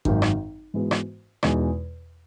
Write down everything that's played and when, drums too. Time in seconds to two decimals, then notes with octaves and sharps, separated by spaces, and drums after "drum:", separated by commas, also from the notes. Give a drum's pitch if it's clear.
0.05 G#1 F#2 D#3, drum: kick G#1
0.22 drum: rim click
0.74 G#2 E3 G#3 B3 F#4
0.91 drum: rim click
1.43 E2 B2 G#3 D#4, drum: rim click